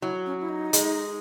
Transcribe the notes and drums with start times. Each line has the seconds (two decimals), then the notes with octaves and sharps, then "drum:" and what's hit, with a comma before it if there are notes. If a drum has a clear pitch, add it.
0.02 F#3 E4
0.26 C#4
0.40 E4
0.49 D#4
0.73 G#3, drum: hi-hat